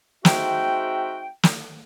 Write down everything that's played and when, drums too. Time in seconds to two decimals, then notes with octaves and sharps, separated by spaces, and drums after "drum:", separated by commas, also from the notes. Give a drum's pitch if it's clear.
0.25 G#3 C4 D#4 F#4 E5 G5, drum: snare
1.43 drum: snare